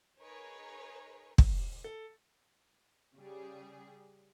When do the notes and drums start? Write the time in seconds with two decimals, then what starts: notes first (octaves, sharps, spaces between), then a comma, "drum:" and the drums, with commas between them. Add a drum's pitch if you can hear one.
0.20 D#4 G#4 A#4 B4 C#5
1.38 drum: kick
1.84 A4
3.16 C#3 G3 G#4